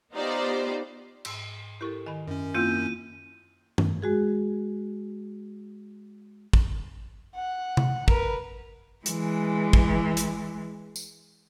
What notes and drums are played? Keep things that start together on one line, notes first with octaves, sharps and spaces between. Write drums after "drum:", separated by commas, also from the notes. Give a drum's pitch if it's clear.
B3 D#4 F4 G4 C5 D5
G#2 E6, drum: cymbal
E4 G4 A4 A#4 C#6
D#3 G#5 B5
F#2 C#4 A#4
A#3 C4 E4 F4 G6 D#7
drum: tom G2
G#3 F#4 G#4
drum: kick
F#5
drum: tom C3
A#4 B4, drum: kick
E3 G#3, drum: hi-hat
drum: kick
drum: hi-hat
drum: tambourine